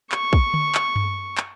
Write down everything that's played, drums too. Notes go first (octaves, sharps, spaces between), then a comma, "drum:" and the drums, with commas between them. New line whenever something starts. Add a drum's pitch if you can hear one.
C#6, drum: clap
drum: kick
drum: tom D3
drum: clap
drum: tom G2
drum: clap